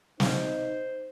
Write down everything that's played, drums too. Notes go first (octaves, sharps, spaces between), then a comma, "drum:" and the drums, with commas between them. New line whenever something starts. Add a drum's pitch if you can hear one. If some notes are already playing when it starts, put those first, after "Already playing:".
D#4 C5, drum: snare